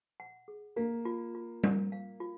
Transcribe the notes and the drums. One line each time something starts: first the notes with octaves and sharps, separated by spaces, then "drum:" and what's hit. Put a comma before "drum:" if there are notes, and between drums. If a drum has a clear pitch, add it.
F#5
G#4
A#3 F5
F4
F4
A#4, drum: tom G3
F5
F4